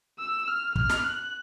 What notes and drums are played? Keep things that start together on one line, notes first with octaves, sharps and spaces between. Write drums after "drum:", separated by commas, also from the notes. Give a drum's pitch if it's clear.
E6
F6
F6, drum: kick
drum: snare
F#6